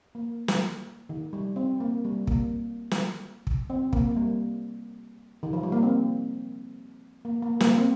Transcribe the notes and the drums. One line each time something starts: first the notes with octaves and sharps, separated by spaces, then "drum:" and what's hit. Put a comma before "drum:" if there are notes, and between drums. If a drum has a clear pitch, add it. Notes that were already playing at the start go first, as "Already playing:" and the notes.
A#3
drum: snare
D#3
G3
C4
A#3
G3
A#3, drum: kick
drum: snare
drum: kick
C4
A#3, drum: kick
A#3
G3
D#3
F3
G3
A#3
C4
A#3
A#3
A#3, drum: snare
C4